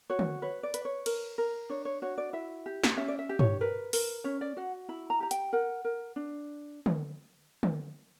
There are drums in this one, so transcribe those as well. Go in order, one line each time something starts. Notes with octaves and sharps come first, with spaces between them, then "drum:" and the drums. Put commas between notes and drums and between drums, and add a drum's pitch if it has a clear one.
F#4 C#5
drum: tom
B4 C#5
D5
B4, drum: hi-hat
C#5
A#4, drum: cymbal
A#4
D4 C#5
C#5
F#4 C#5
D5
E4 E5
G4
drum: snare
C#4 E5
D5
E5
G4
C#5, drum: tom
A#4 B4
A#4, drum: open hi-hat
C#4 C#5
D5
F#4 F#5
E4 B5
A#5
G4 A#5
G5, drum: hi-hat
A#4 F#5
A#4
D4
drum: tom
drum: tom